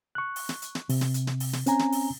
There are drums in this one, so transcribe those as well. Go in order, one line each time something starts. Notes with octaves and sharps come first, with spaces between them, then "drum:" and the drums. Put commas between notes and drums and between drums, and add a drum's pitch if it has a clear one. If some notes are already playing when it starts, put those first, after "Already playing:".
C#6 F#6
drum: open hi-hat
drum: snare
drum: hi-hat
drum: snare
C3, drum: open hi-hat
drum: snare
drum: hi-hat
drum: snare
drum: open hi-hat
drum: snare
C4 C#4 G#5 A#5, drum: hi-hat
drum: snare
drum: open hi-hat